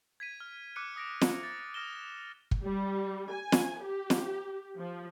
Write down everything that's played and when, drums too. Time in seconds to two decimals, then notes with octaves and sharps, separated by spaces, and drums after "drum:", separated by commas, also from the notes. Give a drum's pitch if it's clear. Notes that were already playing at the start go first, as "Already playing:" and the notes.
0.20 G#6 B6 D#7
0.40 F6
0.76 D6 F6 F#6 C#7 D#7
0.96 D#6 A#6 D7
1.21 drum: snare
1.43 D6 A6
1.74 D#6 F6 A#6 E7 G7
2.51 drum: kick
2.62 G3
3.31 G#5
3.52 drum: snare
3.81 G4
4.10 drum: snare
4.78 F3